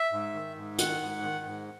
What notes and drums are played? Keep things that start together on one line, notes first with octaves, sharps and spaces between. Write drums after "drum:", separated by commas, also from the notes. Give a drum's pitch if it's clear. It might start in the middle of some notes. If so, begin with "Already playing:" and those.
Already playing: E5
G#2
D#3
G#2
D#3 F#5, drum: hi-hat
G#2
D#3
G#2